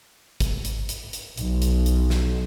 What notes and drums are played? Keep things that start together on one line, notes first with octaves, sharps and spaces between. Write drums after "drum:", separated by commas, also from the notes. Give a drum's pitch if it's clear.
drum: kick G#1, hi-hat
drum: hi-hat
drum: hi-hat
drum: hi-hat
B1, drum: hi-hat
drum: hi-hat
drum: hi-hat
drum: snare